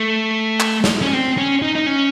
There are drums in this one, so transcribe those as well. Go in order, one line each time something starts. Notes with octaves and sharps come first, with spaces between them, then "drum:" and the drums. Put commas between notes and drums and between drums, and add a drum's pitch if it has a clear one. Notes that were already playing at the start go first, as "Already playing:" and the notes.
Already playing: A3
drum: clap
drum: snare
C#4
C4
C#4
D#4
D#4
C#4